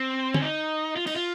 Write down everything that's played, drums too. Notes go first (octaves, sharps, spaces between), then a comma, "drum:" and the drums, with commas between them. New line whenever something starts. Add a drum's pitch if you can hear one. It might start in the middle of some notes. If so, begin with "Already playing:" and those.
Already playing: C4
C#4, drum: tom
D#4
F4
D#4, drum: cymbal
F4